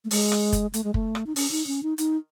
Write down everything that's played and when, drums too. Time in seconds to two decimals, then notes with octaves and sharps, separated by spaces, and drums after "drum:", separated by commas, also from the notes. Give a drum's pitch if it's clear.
0.05 A3
0.11 G#3, drum: open hi-hat
0.32 drum: rim click
0.52 drum: kick, hi-hat
0.74 A3, drum: hi-hat
0.84 G#3
0.94 A3, drum: kick
1.15 drum: rim click
1.27 D#4
1.36 C#4, drum: open hi-hat
1.51 D#4
1.67 C#4
1.83 D#4
1.98 D#4, drum: hi-hat